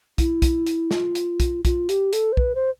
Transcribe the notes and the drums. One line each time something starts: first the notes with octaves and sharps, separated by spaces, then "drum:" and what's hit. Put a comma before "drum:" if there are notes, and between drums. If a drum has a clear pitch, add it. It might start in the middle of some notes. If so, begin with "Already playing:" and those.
E4, drum: kick, hi-hat
drum: kick, hi-hat
drum: hi-hat
F4, drum: snare
drum: hi-hat
drum: kick, hi-hat
F4, drum: kick, hi-hat
G4, drum: hi-hat
A4, drum: hi-hat
C5
B4, drum: kick
C5